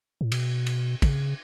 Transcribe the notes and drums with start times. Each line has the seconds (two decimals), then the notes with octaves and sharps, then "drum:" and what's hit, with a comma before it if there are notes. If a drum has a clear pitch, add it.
0.21 A2
0.32 B2, drum: cymbal
0.67 drum: cymbal
1.02 C#3, drum: kick, cymbal